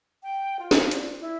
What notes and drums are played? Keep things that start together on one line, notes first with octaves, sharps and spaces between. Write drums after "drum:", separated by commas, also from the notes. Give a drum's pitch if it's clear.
G5
F4
drum: snare
D5, drum: hi-hat
E4